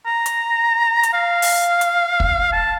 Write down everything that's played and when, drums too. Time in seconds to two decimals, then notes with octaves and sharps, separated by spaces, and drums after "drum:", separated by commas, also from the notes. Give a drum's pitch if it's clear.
0.06 A#5
0.26 drum: hi-hat
1.03 drum: hi-hat
1.13 F5
1.42 drum: open hi-hat
1.81 drum: hi-hat
2.20 drum: kick
2.53 A5